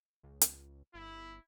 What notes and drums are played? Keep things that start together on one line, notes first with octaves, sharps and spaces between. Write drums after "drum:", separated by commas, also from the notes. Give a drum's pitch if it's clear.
C#2
drum: hi-hat
G1 E4